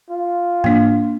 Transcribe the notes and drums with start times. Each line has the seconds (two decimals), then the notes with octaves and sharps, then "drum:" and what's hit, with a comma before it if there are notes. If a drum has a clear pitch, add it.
0.10 F4
0.64 A#3 D4, drum: tom G#2